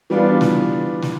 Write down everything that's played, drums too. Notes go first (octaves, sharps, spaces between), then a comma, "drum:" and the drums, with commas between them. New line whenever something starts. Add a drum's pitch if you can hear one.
E3 G3 B3 D4 F4
drum: snare
drum: snare